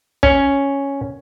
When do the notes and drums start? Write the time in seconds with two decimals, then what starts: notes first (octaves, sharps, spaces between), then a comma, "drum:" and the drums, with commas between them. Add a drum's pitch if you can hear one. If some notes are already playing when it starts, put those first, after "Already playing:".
0.23 C#4, drum: kick